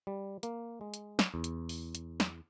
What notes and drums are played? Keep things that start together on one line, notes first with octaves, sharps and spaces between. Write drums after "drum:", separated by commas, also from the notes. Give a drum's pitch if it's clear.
G3
A#3, drum: hi-hat
G#3
drum: hi-hat
drum: snare
E2
drum: hi-hat
drum: open hi-hat
drum: hi-hat
drum: snare